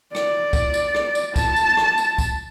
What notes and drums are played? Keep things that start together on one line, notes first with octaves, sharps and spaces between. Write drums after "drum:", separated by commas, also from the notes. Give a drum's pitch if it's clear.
D5, drum: rim click
drum: kick, tambourine
drum: tambourine
drum: rim click
drum: tambourine
A5, drum: kick, tambourine
drum: tambourine
drum: rim click
drum: tambourine
drum: kick, tambourine